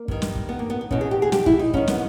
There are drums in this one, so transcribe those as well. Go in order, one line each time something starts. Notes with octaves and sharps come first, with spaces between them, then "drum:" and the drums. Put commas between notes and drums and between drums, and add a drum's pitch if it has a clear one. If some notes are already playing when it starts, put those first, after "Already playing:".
Already playing: A#3
G2 D#3, drum: kick
drum: snare
drum: kick
B3
A#3
B3
B3
E2 B2 C#4, drum: kick
G#4
G4
G#4
G4, drum: snare
E4, drum: kick
D#4
G#2 D#3 C#4, drum: kick
B3, drum: snare